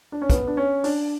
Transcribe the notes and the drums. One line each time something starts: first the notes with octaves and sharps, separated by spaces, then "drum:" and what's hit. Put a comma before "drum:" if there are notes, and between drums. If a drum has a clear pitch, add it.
D4
C#4
B3, drum: kick, hi-hat
D4
C#4
D4, drum: open hi-hat